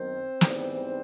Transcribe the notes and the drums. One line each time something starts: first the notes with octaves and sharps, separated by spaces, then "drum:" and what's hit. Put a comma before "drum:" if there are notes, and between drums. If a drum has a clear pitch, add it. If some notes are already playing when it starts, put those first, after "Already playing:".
Already playing: F#2 D#3 F#3 B3 C4 C5
G#2 E3 G3 B3 D#4, drum: snare